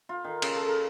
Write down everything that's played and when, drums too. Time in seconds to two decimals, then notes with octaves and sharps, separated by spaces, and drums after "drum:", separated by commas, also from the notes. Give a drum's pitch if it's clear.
0.09 F4
0.24 D#3
0.42 C#3, drum: cymbal
0.56 A4
0.68 A#4